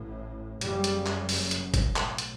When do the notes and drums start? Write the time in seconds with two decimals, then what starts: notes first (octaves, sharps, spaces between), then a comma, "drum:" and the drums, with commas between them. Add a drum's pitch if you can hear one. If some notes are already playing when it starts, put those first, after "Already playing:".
Already playing: A1 A2
0.61 F#1 F#2 C#3 G3, drum: hi-hat
0.84 drum: hi-hat
1.06 drum: clap
1.29 drum: open hi-hat
1.51 drum: hi-hat
1.74 drum: kick G1, hi-hat
1.96 B1 A2, drum: clap
2.18 drum: hi-hat